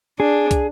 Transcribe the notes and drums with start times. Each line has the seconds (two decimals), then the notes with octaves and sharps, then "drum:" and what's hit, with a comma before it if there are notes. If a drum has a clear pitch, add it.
0.19 D4 G#4
0.51 drum: kick, hi-hat